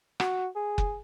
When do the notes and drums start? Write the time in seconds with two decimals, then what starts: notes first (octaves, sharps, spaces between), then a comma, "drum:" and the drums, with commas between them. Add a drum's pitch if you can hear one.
0.20 F#4, drum: rim click
0.56 G#4
0.78 drum: kick F#1